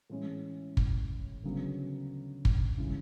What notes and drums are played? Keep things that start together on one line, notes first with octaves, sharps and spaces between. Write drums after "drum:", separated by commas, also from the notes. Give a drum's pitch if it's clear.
A2 E3 G#3 C#4
drum: kick
D2 C#3 F#3 B3
drum: kick
C#3 E3 G#3